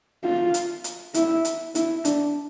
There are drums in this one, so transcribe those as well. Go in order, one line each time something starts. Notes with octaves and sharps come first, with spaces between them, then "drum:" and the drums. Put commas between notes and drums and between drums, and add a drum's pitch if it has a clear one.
F4
drum: hi-hat
drum: hi-hat
E4, drum: hi-hat
drum: hi-hat
E4, drum: hi-hat
D4, drum: hi-hat